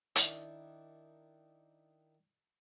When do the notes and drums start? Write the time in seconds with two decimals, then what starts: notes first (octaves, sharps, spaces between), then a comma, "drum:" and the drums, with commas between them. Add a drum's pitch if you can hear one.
0.16 D#3 D4 E4, drum: hi-hat